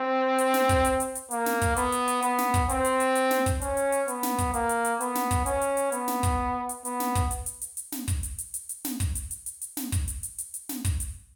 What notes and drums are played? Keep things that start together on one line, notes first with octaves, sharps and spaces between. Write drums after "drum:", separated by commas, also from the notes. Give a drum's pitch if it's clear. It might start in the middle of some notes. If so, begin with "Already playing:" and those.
Already playing: C4
drum: hi-hat
drum: snare
drum: kick, hi-hat
drum: hi-hat
drum: hi-hat
drum: hi-hat
A#3, drum: hi-hat
drum: snare
drum: kick, hi-hat
B3, drum: hi-hat
drum: hi-hat
drum: hi-hat
B3, drum: hi-hat
drum: snare
drum: kick, hi-hat
C4, drum: hi-hat
drum: hi-hat
drum: hi-hat
drum: hi-hat
drum: snare
drum: kick, hi-hat
C#4, drum: hi-hat
drum: hi-hat
drum: hi-hat
B3, drum: hi-hat
drum: snare
drum: kick, hi-hat
A#3, drum: hi-hat
drum: hi-hat
drum: hi-hat
B3, drum: hi-hat
drum: snare
drum: kick, hi-hat
C#4, drum: hi-hat
drum: hi-hat
drum: hi-hat
B3, drum: hi-hat
drum: snare
drum: kick, hi-hat
drum: hi-hat
B3, drum: hi-hat
drum: snare
drum: kick, hi-hat
drum: hi-hat
drum: hi-hat
drum: hi-hat
drum: hi-hat
drum: snare
drum: kick, hi-hat
drum: hi-hat
drum: hi-hat
drum: hi-hat
drum: hi-hat
drum: snare
drum: kick, hi-hat
drum: hi-hat
drum: hi-hat
drum: hi-hat
drum: hi-hat
drum: snare
drum: kick, hi-hat
drum: hi-hat
drum: hi-hat
drum: hi-hat
drum: hi-hat
drum: snare
drum: kick, hi-hat
drum: hi-hat